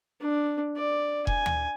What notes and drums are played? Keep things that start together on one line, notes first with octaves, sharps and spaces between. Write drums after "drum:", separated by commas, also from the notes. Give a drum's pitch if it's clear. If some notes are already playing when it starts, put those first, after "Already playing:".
D4
D5
G#5, drum: kick E1
drum: tom D2